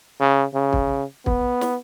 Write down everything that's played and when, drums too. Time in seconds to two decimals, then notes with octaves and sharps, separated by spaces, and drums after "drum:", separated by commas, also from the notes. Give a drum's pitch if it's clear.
0.20 C#3
0.54 C#3
0.73 drum: kick
1.26 B3, drum: kick
1.61 drum: snare